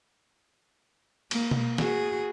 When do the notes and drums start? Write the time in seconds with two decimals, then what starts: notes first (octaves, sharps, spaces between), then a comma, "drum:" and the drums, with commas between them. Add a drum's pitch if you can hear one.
1.31 A#3, drum: cymbal
1.51 drum: tom B2
1.78 F#4 G#4, drum: snare